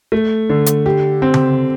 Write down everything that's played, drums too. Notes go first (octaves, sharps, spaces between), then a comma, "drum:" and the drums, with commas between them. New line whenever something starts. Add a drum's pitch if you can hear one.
A3
D3
drum: hi-hat
G4
C4
drum: tom C#3